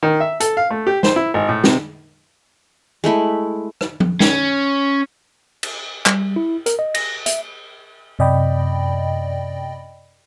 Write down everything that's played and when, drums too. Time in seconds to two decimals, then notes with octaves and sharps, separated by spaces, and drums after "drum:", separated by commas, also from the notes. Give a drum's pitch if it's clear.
0.03 D#3
0.20 E5
0.40 A4, drum: hi-hat
0.57 F5
0.71 A3
0.87 G4
1.03 C5, drum: snare
1.16 E4
1.34 G#1
1.49 A2
1.64 C3, drum: snare
3.04 G#3 A3 E4 B5
3.81 drum: rim click
4.00 drum: tom F3
4.20 C#4, drum: snare
5.63 drum: cymbal
6.06 G3, drum: clap
6.36 E4
6.66 A#4, drum: hi-hat
6.79 D#5
6.94 A#6, drum: cymbal
7.26 E5, drum: hi-hat
8.19 F#2 C3 D5 D#5 G5 B5